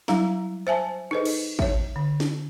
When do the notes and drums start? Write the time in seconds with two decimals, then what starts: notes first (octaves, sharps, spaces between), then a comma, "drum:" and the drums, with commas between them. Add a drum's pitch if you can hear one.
0.08 F#3 G3 E4 F5 A#5, drum: snare
0.67 C5 E5 G#5 A5
1.11 D#4 G#4 A4 B4 C5 D#5
1.25 drum: cymbal
1.59 C#5 E5, drum: kick
1.96 D3
2.20 drum: snare